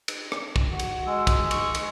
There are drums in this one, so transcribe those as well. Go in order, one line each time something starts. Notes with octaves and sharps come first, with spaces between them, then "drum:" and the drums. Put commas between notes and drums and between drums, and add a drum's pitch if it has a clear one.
drum: cymbal
drum: rim click
drum: kick
F#4
drum: cymbal
G#3 E6
drum: kick, cymbal
C#6, drum: cymbal
drum: cymbal